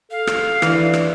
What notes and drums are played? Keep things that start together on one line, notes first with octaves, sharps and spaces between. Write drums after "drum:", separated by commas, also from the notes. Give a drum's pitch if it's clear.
A4 F5
drum: rim click
E3 D4, drum: rim click
drum: rim click